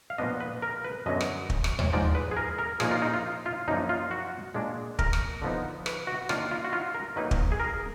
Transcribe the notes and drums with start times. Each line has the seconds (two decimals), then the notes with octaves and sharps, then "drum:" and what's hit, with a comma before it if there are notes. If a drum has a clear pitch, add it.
0.10 F5
0.18 A#2 F3 B3 D4 D#5
0.40 B4
0.62 A#4
0.84 B4
1.06 F#2 D3 F#3 B3 D#5
1.21 drum: rim click
1.50 drum: kick
1.64 drum: rim click
1.79 drum: tom D#2
1.93 G#2 F3 G#3 D#4 D5
2.15 B4
2.31 G#4
2.37 A#4
2.58 A#4
2.80 A#2 F3 A#3 D#4 G#4, drum: rim click
2.91 F4
3.02 D#4
3.14 F4
3.46 F4
3.68 F#2 F3 A#3 D4 D#4
3.89 F4
4.11 F#4
4.54 A#2 G#3 D4
4.99 A#4, drum: kick
5.13 drum: rim click
5.42 D3 F3 B3 D#4
5.86 B4, drum: rim click
6.07 F#4
6.29 D#3 A#3 D4 F4, drum: rim click
6.51 F4
6.65 F#4
6.73 F4
6.95 A#4
7.16 D#3 F#3 A#3 D#4 B4
7.31 drum: kick
7.52 G#4
7.60 A#4